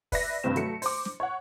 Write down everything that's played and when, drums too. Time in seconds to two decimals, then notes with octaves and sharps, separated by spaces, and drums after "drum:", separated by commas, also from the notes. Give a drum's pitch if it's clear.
0.12 B4 D5 E5 A#6, drum: kick, open hi-hat
0.44 G2 C3 G3 C4 E7
0.56 F#3 A3 C#7, drum: hi-hat
0.82 C5 D6, drum: open hi-hat
1.05 drum: snare
1.20 C#5 F#5